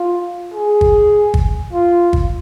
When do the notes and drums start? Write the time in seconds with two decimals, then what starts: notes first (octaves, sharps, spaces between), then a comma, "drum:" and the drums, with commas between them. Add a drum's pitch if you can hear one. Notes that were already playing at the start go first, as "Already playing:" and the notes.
Already playing: F4
0.54 G#4
0.81 drum: kick
1.34 drum: kick
1.73 F4
2.13 drum: kick